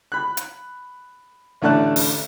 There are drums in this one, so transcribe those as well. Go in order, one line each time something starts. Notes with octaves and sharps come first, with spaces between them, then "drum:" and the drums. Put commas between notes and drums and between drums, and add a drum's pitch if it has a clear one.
B5 F#6
drum: hi-hat
A1 D3 A3 D5 A5 F#6
drum: open hi-hat